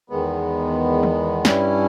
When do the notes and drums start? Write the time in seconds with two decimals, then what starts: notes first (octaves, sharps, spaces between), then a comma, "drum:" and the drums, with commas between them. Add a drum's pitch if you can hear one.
0.10 E2 D#3 G#3 B3
1.03 drum: tom D#3
1.45 G2 G3 C#4 E4, drum: snare